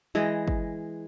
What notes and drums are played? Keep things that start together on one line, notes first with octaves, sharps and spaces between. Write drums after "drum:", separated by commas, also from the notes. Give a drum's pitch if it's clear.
E3 G#3 D#5
drum: kick